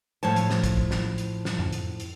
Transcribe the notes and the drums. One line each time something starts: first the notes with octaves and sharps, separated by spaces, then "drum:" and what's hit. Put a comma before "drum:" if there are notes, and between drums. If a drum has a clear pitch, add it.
A2 F3 C#5 A5
drum: hi-hat
drum: snare
drum: kick, hi-hat
drum: kick
drum: snare
drum: hi-hat
drum: snare
drum: tom F2
drum: hi-hat
drum: hi-hat